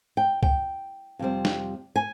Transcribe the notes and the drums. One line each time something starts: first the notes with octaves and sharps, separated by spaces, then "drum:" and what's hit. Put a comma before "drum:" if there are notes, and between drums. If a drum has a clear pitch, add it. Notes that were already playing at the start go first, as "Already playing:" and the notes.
G5
G5, drum: kick
F2 C3 G3 C4
drum: snare
G#5